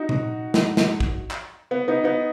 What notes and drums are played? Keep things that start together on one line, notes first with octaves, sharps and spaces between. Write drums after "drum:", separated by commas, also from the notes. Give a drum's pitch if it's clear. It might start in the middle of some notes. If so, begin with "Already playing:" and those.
Already playing: D#4 F#4
drum: tom A#2
drum: snare
drum: snare
drum: kick
drum: clap
B3
B3 D#4
B3 D#4